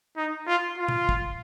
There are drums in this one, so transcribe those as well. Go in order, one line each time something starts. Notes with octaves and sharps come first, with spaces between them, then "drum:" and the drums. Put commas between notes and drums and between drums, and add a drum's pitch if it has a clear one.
D#4
F4
F4
drum: tom A#2
drum: kick